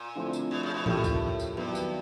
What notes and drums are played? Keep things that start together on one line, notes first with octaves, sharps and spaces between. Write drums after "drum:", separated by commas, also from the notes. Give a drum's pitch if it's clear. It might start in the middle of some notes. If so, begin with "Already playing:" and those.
Already playing: A#2
D3 F3 A3 C4 E4
drum: tambourine
B2
C#3
B2
A2 F3 A#3 D#4 G4 A#4, drum: tom A2
drum: kick, tambourine
drum: tambourine
G2 D#3 F#3 B3 E4
drum: tambourine